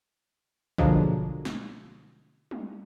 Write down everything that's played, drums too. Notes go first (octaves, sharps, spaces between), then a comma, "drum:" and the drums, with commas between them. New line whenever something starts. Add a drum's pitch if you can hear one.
B2 D3 F3 F#3 G#3 A#3, drum: kick
drum: snare
drum: tom G3